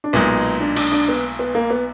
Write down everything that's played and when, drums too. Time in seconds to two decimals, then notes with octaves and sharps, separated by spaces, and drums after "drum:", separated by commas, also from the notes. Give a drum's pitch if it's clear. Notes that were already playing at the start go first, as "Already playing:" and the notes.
0.04 D4
0.13 B1 A#2 G#3 B3 D#4
0.60 D4
0.76 D4, drum: cymbal
0.92 D4
1.08 B3
1.39 B3
1.55 A#3
1.70 B3